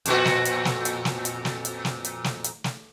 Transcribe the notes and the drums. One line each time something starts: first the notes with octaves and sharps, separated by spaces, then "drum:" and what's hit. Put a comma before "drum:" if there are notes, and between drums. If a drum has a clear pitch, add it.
F2 A#2 F#4, drum: hi-hat
drum: snare
drum: hi-hat
drum: snare
drum: hi-hat
drum: snare
drum: hi-hat
drum: snare
drum: hi-hat
drum: snare
drum: hi-hat
drum: snare
drum: hi-hat
drum: snare